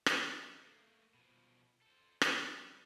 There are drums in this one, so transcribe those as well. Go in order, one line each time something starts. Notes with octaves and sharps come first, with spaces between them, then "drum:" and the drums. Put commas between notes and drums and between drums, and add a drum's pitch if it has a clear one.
drum: rim click
D#4 E4
A3 A#3
B2 F3
A4 C5
G3 G4, drum: rim click